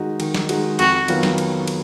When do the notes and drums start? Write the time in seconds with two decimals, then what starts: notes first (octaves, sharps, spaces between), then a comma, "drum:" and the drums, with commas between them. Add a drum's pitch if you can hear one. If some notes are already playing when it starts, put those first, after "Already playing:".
Already playing: D#3 G#3 D#4 F#4
0.20 D#3, drum: cymbal
0.35 drum: snare
0.49 G#3 D#4 F#4, drum: cymbal
0.79 F2 F#4, drum: cymbal
1.08 D#3 F#3 B3 F4, drum: cymbal
1.23 drum: snare
1.38 drum: cymbal
1.68 drum: cymbal